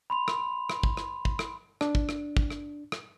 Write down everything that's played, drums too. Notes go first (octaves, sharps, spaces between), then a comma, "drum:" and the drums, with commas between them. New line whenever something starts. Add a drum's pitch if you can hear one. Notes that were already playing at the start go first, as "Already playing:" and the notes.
B5 C6 F7
drum: rim click
drum: rim click
drum: kick
drum: rim click
drum: kick
drum: rim click
D4, drum: rim click
drum: kick
drum: rim click
drum: kick
drum: rim click
drum: rim click